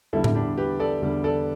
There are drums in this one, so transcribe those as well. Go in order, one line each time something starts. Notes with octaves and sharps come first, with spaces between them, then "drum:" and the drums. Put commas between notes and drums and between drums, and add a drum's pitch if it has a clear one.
E2 D3 G3 E4 A4
E4, drum: tom A2
D4 G4
G4 B4
A4 D5
E2 D3 G3
A4 D5